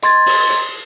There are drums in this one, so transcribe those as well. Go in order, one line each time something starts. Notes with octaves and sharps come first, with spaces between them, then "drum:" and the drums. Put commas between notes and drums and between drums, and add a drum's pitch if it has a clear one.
D#5 C6 G#6 A6, drum: hi-hat
drum: open hi-hat
drum: hi-hat